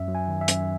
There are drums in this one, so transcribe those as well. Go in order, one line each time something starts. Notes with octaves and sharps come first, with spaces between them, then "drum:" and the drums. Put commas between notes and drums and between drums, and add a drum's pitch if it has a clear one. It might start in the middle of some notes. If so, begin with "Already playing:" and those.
Already playing: F#2 E5
F#3
G#5
D#3
E5
F#2, drum: hi-hat